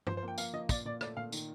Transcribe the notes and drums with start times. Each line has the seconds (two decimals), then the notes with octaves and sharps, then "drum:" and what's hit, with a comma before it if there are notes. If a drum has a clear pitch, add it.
0.07 F3 C5, drum: tom G2
0.17 C5
0.23 A#3 G5
0.38 A#3 F5, drum: tambourine
0.53 F3 D#5
0.69 A#2 D5, drum: kick, tambourine
0.85 A#2 D5
1.01 A3 D5, drum: rim click
1.17 A#2 F5
1.32 D#3, drum: tambourine